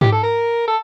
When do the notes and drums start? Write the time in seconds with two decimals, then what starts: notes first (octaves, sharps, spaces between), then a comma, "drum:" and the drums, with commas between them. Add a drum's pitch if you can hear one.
0.01 G4, drum: tom G#2
0.12 A4
0.23 A#4
0.68 A4